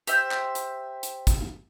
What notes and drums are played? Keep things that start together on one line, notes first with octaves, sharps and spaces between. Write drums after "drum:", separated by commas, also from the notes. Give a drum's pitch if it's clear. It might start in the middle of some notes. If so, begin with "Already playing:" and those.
G4 C5 E5 G5, drum: hi-hat
drum: clap
drum: hi-hat
drum: hi-hat
drum: kick, hi-hat